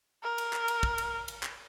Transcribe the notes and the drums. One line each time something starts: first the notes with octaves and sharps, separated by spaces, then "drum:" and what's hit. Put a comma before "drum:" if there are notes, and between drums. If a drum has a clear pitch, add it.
A#4
drum: cymbal
drum: clap
drum: cymbal
drum: kick
drum: cymbal
drum: cymbal
drum: clap